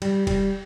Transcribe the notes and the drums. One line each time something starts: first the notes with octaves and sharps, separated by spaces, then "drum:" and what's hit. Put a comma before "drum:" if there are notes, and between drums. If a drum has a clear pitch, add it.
G3, drum: cymbal
G3, drum: kick E1, cymbal